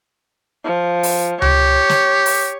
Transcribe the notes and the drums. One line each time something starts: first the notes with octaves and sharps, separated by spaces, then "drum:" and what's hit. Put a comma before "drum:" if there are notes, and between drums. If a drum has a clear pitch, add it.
F3
drum: open hi-hat
G4 C#5, drum: tom C#2
drum: snare
drum: open hi-hat